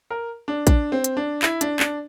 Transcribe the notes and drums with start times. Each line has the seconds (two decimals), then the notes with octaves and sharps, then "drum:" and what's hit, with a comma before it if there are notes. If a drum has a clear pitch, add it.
0.11 A#4
0.48 D4
0.67 D4, drum: kick, hi-hat
0.92 C4
1.04 drum: hi-hat
1.17 D4
1.42 E4, drum: clap
1.61 D4, drum: hi-hat
1.80 D4, drum: clap